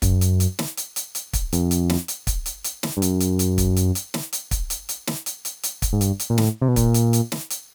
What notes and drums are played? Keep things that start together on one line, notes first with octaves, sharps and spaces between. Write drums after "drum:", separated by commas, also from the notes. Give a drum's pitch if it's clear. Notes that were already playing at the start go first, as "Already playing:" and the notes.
F#2, drum: kick, hi-hat
drum: hi-hat
drum: hi-hat
drum: snare
drum: hi-hat
drum: hi-hat
drum: hi-hat
drum: kick, hi-hat
F2, drum: hi-hat
drum: hi-hat
drum: snare
drum: hi-hat
drum: kick, hi-hat
drum: hi-hat
drum: hi-hat
drum: snare
G2
F#2, drum: hi-hat
drum: hi-hat
drum: hi-hat
drum: kick, hi-hat
drum: hi-hat
drum: hi-hat
drum: snare
drum: hi-hat
drum: kick, hi-hat
drum: hi-hat
drum: hi-hat
drum: snare
drum: hi-hat
drum: hi-hat
drum: hi-hat
drum: kick, hi-hat
G#2
G2, drum: hi-hat
drum: hi-hat
A#2
A2, drum: snare
C3
B2
A#2, drum: kick, hi-hat
drum: hi-hat
drum: hi-hat
drum: snare
drum: hi-hat